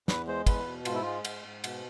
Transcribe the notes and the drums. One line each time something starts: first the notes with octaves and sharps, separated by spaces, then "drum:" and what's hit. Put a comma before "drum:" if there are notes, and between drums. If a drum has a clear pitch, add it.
E2 B4, drum: snare
G#3 C5
E2 B4, drum: kick, cymbal
B2
G#2 F4, drum: cymbal
E4
G#3 F4
G#2, drum: cymbal
G#2
B2, drum: cymbal